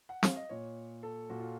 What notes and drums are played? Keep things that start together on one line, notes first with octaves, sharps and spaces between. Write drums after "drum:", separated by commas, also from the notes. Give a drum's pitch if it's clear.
F#5
F5, drum: snare
D#5
A#2 C#5
A4
A#2 F#4
F4